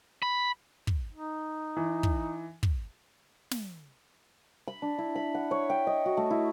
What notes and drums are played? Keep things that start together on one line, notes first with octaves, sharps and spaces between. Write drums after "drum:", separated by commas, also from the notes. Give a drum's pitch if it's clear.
B5
drum: kick
D#4
E3
drum: kick
drum: kick
drum: snare
B5
D4
E4
B5
F#5
C#5
G5
D#5
F#4
A3
E4